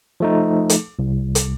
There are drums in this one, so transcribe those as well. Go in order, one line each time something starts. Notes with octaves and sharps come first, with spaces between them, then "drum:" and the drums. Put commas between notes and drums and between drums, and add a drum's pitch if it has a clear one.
F3 A3 D#4
drum: hi-hat
C2
drum: hi-hat